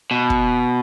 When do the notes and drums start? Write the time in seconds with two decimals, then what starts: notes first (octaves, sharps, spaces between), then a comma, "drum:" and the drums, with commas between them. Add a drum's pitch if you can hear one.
0.11 B2
0.30 drum: kick